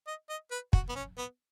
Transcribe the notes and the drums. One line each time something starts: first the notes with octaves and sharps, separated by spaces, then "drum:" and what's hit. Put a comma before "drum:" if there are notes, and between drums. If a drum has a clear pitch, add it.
D#5
D#5
B4
F#4, drum: kick
B3
C#4
B3